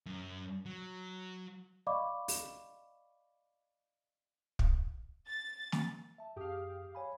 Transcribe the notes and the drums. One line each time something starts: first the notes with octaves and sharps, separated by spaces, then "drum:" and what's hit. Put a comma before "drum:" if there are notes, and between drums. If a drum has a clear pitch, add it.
F#2
F#3
D5 D#5 F5 B5 C#6 D6
drum: open hi-hat
drum: kick
A6
drum: snare
E5 A5
F#2 G4 G#4 F5 D#6
C#5 G#5 B5